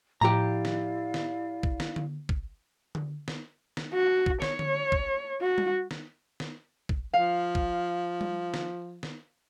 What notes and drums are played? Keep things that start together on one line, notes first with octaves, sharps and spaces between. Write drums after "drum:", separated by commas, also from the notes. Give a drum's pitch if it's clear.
A2 F3 E4 G4 D5 F5 A#5
drum: snare
drum: snare
drum: kick
drum: snare
drum: tom D3
drum: kick
drum: tom D3
drum: snare
drum: snare
F#4
drum: kick
C#5, drum: snare
drum: tom D3
drum: kick
F#4
drum: tom G3
drum: snare
drum: snare
drum: kick
F3 F5
drum: kick
drum: tom G3
drum: snare
drum: snare